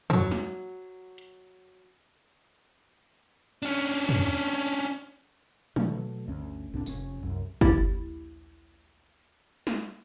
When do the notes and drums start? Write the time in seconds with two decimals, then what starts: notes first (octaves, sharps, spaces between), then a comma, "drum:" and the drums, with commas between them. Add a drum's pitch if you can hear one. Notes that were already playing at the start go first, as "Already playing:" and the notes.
0.10 F3 F#3, drum: tom
0.31 drum: snare
1.18 drum: hi-hat
3.62 C#4 D4
4.09 drum: tom
5.76 B2 F#3 A3, drum: tom
6.27 G1 D2 C#4
6.74 C2 A2 C4 D4
6.86 F1 C#4, drum: tambourine
7.23 C2 F#2
7.61 A#1 D#2 E4 G4 A6, drum: kick
9.67 drum: snare